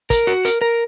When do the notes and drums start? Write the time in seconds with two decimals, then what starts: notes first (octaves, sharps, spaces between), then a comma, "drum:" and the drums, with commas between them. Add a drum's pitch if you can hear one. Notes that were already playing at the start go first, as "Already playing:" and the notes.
0.10 A#4, drum: kick, hi-hat
0.27 F#4
0.45 A#4, drum: hi-hat
0.61 A#4